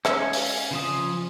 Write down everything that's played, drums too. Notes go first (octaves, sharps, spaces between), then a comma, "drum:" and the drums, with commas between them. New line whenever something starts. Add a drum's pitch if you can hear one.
G#3 C#4 E5, drum: rim click
drum: open hi-hat
C#3 F3 D#6